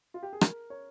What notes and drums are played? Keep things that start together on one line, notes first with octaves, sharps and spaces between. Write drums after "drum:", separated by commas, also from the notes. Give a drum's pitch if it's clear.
F4
G4
G#4
A#4, drum: rim click
C#5